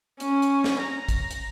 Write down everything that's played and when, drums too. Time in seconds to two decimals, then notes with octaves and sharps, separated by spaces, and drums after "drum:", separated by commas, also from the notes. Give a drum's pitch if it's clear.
0.20 C#4, drum: hi-hat
0.42 drum: hi-hat
0.64 drum: snare
0.80 A#5
1.09 drum: kick, hi-hat
1.31 drum: hi-hat